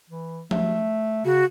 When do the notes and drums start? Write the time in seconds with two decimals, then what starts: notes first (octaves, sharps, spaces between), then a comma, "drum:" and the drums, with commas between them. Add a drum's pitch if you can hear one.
0.10 E3
0.51 A3, drum: tom F3
1.25 C#3 F#4